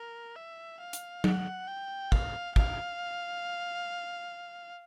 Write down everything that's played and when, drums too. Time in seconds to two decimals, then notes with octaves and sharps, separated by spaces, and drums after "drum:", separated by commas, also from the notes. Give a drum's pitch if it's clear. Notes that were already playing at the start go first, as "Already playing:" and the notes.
Already playing: A#4
0.36 E5
0.80 F5
0.93 drum: hi-hat
1.24 F#5, drum: tom F#3
1.67 G5
2.12 F5, drum: kick
2.56 F5, drum: kick